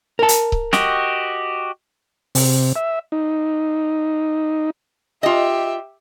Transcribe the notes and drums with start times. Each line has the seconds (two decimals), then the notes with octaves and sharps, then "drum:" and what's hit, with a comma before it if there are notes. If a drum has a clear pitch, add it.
0.19 A#4 A5
0.29 drum: hi-hat
0.52 drum: kick C#1
0.73 F#4 G4 D#5, drum: snare
2.35 C3, drum: open hi-hat
2.76 E5
3.12 D#4
5.23 F4 G4 D#5 E5